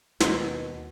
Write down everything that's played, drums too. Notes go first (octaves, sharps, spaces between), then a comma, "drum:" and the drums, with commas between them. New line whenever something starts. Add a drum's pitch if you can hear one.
D#2 B2, drum: snare